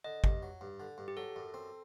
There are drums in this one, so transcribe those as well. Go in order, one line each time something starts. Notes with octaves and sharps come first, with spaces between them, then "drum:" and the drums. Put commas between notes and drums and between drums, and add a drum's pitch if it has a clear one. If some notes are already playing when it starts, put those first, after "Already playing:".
D3 D#5
G2, drum: kick
F#3
G2
D3
G2
G4
F#3 A4
F#2
C4